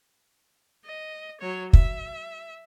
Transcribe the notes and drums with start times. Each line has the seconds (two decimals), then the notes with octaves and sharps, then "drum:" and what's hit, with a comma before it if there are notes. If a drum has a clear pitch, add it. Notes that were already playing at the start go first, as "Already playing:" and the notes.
0.86 D#5
1.41 F#3 C#5
1.73 E5, drum: kick